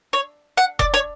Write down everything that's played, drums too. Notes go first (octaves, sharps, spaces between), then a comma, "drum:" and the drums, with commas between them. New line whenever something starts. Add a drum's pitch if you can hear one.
C#5
F#5
D5, drum: kick F1
C#5